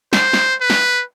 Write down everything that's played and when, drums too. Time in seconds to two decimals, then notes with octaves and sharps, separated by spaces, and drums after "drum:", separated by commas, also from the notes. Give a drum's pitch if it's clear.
0.13 C5, drum: snare
0.33 drum: snare
0.61 B4
0.70 drum: snare